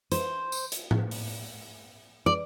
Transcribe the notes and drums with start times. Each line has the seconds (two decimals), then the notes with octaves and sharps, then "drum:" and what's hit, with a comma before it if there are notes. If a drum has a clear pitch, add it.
0.12 C5, drum: hi-hat
0.52 drum: tambourine
0.72 drum: hi-hat
0.91 drum: tom A2
1.11 drum: open hi-hat
2.26 D5